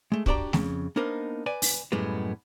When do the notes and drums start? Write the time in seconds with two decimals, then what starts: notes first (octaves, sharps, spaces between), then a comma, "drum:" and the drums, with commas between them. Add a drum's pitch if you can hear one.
0.12 G#3 A3
0.26 D4 F#4 G4 D5 G5 A#5, drum: kick
0.53 F2 C#3, drum: snare A3
0.96 A#3 B3 D4 D#4 A#4 C5
1.46 B4 D5 G#5
1.62 drum: open hi-hat
1.92 F#2 A2 G3 G#3 B3